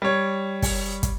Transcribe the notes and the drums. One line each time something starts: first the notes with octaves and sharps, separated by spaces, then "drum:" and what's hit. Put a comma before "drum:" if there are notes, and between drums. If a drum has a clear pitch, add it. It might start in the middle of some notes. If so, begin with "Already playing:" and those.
G3 C#5
drum: kick, open hi-hat
drum: kick, hi-hat